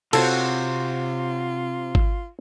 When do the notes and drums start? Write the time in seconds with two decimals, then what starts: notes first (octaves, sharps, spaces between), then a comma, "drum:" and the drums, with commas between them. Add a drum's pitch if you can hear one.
0.13 C3 F4 F#4 A4 C5 C#5, drum: cymbal
1.95 drum: kick G#1